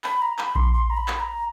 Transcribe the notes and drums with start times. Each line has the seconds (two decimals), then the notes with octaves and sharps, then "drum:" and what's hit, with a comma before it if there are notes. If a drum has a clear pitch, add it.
0.04 B5, drum: clap
0.22 A#5
0.39 B5, drum: clap
0.55 C6, drum: kick A#1
0.74 C6
0.90 A#5
0.97 B5
1.08 drum: clap
1.20 A#5